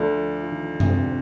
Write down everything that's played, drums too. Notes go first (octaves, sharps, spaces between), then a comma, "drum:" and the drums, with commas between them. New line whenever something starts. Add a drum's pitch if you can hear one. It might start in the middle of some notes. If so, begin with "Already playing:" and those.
Already playing: D2 D3 F3 A3 D4 F4
F4
D#3 D#4
C3 C4, drum: tom F#2